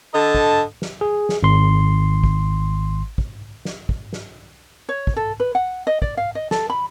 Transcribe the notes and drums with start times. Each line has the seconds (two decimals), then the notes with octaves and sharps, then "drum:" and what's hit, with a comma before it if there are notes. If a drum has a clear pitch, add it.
0.14 D3 A4 D#5 A5
0.34 drum: kick
0.82 drum: snare
1.01 G#4
1.29 drum: snare
1.43 G#1 C6
2.24 drum: kick
3.18 drum: kick
3.65 drum: snare
3.89 drum: kick
4.13 drum: snare
4.89 C#5
5.07 drum: kick
5.16 A4
5.40 B4
5.55 F#5
5.87 D#5
6.02 D5, drum: kick
6.17 F5
6.35 D#5
6.51 A4, drum: snare
6.70 B5